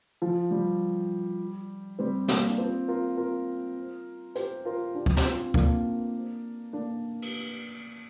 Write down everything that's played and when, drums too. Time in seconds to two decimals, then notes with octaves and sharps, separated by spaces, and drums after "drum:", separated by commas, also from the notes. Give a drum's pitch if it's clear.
0.22 F3
0.51 G3
1.99 G3 C4
2.28 A#3 D4, drum: snare
2.48 D4, drum: hi-hat
2.58 C4 F4
2.88 F4 A#4
3.17 F4 A#4
4.35 G4 C5, drum: hi-hat
4.65 F4 A#4
4.95 D4 G4
5.06 drum: kick C#2
5.17 G4, drum: snare
5.24 C4 F4
5.54 A#3 D4, drum: kick C#2
6.73 A#3 D4
7.22 drum: cymbal